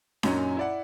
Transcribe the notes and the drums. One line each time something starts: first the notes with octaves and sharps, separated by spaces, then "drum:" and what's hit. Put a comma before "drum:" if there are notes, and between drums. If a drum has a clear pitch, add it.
F#2 A#2 F#3 C#4 D#4, drum: snare D4
E4 D5 F#5